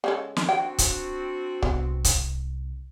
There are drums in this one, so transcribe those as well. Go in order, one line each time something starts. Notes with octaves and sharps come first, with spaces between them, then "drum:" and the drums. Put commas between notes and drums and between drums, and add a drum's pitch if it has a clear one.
C#3 G#3 A4
drum: snare
C4 D4 F#4 G5
drum: kick C#1, hi-hat
C2 B3, drum: kick C#1
drum: kick C#1, hi-hat